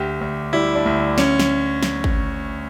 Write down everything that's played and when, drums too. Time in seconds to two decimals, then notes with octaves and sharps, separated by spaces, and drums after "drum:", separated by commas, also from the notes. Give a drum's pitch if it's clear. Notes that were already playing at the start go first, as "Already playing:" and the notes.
Already playing: D2 G4
0.21 D2
0.53 G3 E4
0.75 D4
0.86 D2
1.18 C#4, drum: snare
1.39 drum: snare
1.83 drum: snare
2.04 drum: kick G#1